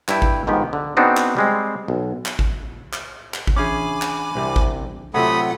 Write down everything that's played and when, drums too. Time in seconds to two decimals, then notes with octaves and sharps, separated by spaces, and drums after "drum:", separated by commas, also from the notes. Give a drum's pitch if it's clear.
0.08 G2 E4 G5, drum: clap
0.22 drum: kick G#1
0.47 G#2 D#3 F3 B3 G4
0.73 D3
0.97 B3 C4 D4 D#4 F#4 G#4
1.17 drum: clap
1.37 G3 G#3 C4
1.88 B1
2.25 drum: clap
2.39 drum: kick G#1
2.93 drum: clap
3.34 drum: clap
3.47 drum: kick G#1
3.56 E3 C#4 D4 G#4 G#5 B5 D6
4.02 drum: clap
4.35 C2 C3
4.56 drum: kick G#1
5.14 C3 F#3 A3 F4 F#5 B5 D#6